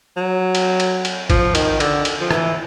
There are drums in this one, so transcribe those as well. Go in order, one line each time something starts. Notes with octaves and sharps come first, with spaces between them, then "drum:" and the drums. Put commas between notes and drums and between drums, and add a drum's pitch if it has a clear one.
F#3
drum: cymbal
drum: cymbal
drum: cymbal
F3, drum: kick, cymbal
D#3, drum: cymbal
D3, drum: cymbal
drum: cymbal
F3
E3, drum: rim click